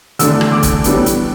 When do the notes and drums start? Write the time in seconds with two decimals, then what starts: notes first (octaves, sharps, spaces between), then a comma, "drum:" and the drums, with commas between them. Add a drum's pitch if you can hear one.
0.19 E2 D3 A3 D4 E6, drum: hi-hat
0.41 drum: rim click
0.52 D6
0.63 drum: kick C#1, hi-hat
0.84 A2 E3 G3 B3 D4, drum: hi-hat
1.06 drum: hi-hat